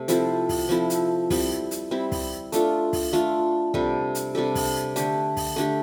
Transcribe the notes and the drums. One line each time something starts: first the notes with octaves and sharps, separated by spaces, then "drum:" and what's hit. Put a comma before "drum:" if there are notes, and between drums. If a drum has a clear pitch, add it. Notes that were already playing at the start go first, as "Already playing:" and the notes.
Already playing: C3 A3
F3 C4 E4 A4, drum: hi-hat
drum: kick, open hi-hat
F3 C4 E4 A4
drum: hi-hat
G3 C4 E4, drum: kick, open hi-hat
drum: hi-hat
G3 C4 E4
drum: kick, open hi-hat
A3 D4 F4 A4, drum: hi-hat
drum: kick, open hi-hat
A3 D4 F4 A4
C3 G3 D4 A4, drum: kick
drum: hi-hat
C3 G3 D4 A4
drum: kick, open hi-hat
D3 A3 D4 G4, drum: hi-hat
drum: kick, open hi-hat
D3 A3 D4 G4